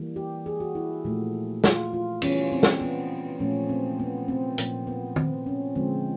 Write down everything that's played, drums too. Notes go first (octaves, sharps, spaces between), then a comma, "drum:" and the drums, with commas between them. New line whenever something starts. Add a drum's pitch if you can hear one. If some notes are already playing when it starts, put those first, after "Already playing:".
Already playing: E3 G3 A#3
G4
G#4
F#4
E4
A#2 F3 A3
F4, drum: snare
F4
E3 G3 B3 C#4, drum: cymbal
C4
drum: snare
B3
A#2 F3 A3 C#4
C4
B3
C4
A#2 F3 A#3, drum: hi-hat
B3
C4, drum: tom
C#4
D3 F3 G#3 C4